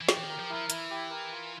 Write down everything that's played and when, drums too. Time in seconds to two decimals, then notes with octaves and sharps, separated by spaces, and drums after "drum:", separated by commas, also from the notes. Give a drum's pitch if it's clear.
0.01 E3
0.09 F3 G4, drum: snare
0.18 E3
0.24 D#3
0.29 A#4
0.40 F3
0.50 F3 E4
0.70 E3 E4, drum: hi-hat
0.90 G4
1.10 A#4
1.31 F4